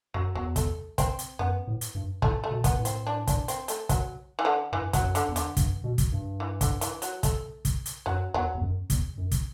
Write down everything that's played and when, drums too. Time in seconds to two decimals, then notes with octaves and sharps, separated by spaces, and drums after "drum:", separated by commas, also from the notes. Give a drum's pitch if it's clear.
0.14 F#2 F#3
0.35 E2 F#3
0.56 A3, drum: kick, hi-hat
0.98 C4, drum: kick, hi-hat
1.19 drum: hi-hat
1.39 F#2 B3
1.67 A2
1.81 drum: hi-hat
1.95 G2
2.22 A2 A3, drum: kick
2.44 A3
2.51 B2
2.64 B3, drum: kick, hi-hat
2.78 A2
2.85 C4, drum: hi-hat
3.07 D4
3.27 D4, drum: kick, hi-hat
3.48 C4, drum: hi-hat
3.68 A3, drum: hi-hat
3.89 F#3, drum: kick, hi-hat
4.39 E3
4.45 D3
4.73 G2 E3
4.93 F#3, drum: kick, hi-hat
5.01 F#2
5.15 D3, drum: hi-hat
5.29 E2
5.36 D3, drum: hi-hat
5.57 G2, drum: kick, hi-hat
5.84 B2
5.98 drum: kick, hi-hat
6.12 G2
6.40 E3
6.61 D3, drum: kick, hi-hat
6.81 E3, drum: hi-hat
7.02 F#3, drum: hi-hat
7.23 A3, drum: kick, hi-hat
7.65 drum: kick, hi-hat
7.86 drum: hi-hat
8.06 F#2 F#3
8.34 E2 F#3
8.55 E2
8.62 F#2
8.90 E2, drum: kick, hi-hat
9.18 F#2
9.31 drum: kick, hi-hat